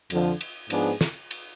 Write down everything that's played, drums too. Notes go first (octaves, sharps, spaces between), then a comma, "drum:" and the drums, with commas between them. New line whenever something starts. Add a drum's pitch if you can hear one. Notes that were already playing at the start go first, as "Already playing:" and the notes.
F2 D3 F3, drum: cymbal
drum: cymbal
G#2 F3 B3 D4 G#4, drum: cymbal
drum: snare
drum: cymbal